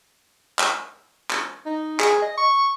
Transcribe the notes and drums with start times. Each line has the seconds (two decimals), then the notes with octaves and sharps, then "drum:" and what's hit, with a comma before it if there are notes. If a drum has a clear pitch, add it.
0.59 drum: clap
1.30 drum: clap
1.66 D#4
2.00 G#4, drum: clap
2.22 D#5
2.37 C#6